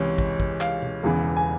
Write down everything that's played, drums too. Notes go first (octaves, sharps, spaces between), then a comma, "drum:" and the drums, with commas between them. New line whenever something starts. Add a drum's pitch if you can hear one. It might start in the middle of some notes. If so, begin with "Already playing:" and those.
Already playing: C#2 C3 E3 C#5
drum: kick
drum: kick
F5, drum: clap
drum: tom B2
E1 E2 C#3 E3
G#5